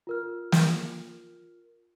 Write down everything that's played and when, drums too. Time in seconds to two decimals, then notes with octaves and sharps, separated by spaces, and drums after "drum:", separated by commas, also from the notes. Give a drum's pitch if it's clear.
0.07 F4 A#4 F6
0.52 drum: snare